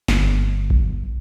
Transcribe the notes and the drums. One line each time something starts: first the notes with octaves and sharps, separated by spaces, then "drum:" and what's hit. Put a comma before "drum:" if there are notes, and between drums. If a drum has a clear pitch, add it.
G1, drum: snare
drum: kick A#1